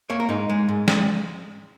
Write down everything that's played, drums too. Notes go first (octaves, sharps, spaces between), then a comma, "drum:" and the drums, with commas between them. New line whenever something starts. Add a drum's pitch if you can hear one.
A#3 C#5
A#4
G#2 D#4
G#3
G#2
G#3, drum: snare